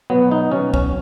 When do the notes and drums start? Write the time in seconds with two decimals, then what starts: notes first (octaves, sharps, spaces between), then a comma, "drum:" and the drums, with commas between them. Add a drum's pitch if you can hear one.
0.10 B2 F#3 B3
0.31 D#4
0.52 B2 F#3 C#4
0.74 C#4, drum: kick C2